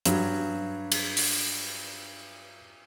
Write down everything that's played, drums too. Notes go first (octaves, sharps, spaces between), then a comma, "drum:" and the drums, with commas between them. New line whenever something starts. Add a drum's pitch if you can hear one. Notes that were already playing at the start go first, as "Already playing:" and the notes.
G2 F#3, drum: hi-hat
drum: cymbal
drum: open hi-hat